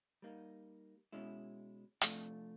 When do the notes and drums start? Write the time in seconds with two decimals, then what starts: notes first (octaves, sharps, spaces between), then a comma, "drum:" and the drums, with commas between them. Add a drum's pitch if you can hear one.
0.22 G3 A#3 D#4
1.12 B2 G#3 C#4 E4
2.01 C3 F3 A3 D4 F4, drum: hi-hat